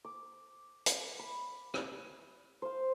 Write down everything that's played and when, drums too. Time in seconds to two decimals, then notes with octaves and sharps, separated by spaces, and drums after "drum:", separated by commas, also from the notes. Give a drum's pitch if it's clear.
0.05 D6
0.86 drum: hi-hat
1.19 B5
1.74 drum: rim click
2.62 C5 F5